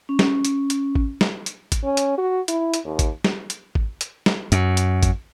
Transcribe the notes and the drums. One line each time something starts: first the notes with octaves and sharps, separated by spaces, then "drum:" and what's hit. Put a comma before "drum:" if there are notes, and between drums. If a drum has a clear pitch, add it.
C#4
drum: snare
drum: hi-hat
drum: hi-hat
drum: kick G#1
drum: snare
drum: hi-hat
drum: kick G#1, hi-hat
C#4
drum: hi-hat
F#4
E4, drum: hi-hat
drum: hi-hat
D#2
drum: kick G#1, hi-hat
drum: snare
drum: hi-hat
drum: kick G#1
drum: hi-hat
drum: snare
F#2, drum: hi-hat
drum: hi-hat
drum: kick G#1, hi-hat